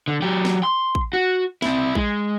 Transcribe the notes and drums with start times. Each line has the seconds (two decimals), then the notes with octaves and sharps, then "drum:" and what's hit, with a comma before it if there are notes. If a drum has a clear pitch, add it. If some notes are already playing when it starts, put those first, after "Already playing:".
0.08 D3
0.22 F#3 G4
0.45 drum: snare
0.63 C6
0.95 drum: kick A1
1.13 F#4
1.62 C4 E4, drum: snare
1.95 G#3, drum: kick A1